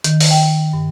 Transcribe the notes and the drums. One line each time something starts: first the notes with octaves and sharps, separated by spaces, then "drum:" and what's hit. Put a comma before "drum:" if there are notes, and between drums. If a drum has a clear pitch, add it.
D#3, drum: hi-hat
drum: open hi-hat
G5
G2